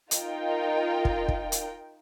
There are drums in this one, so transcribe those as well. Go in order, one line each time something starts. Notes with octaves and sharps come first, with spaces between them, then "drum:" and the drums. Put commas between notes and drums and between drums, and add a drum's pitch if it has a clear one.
D#4 F4 A#4 G5, drum: hi-hat
drum: kick
drum: kick
drum: hi-hat